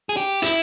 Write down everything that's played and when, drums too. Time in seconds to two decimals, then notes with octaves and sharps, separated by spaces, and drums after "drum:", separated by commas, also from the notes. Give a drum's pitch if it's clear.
0.09 G#4
0.17 G4
0.42 E4, drum: hi-hat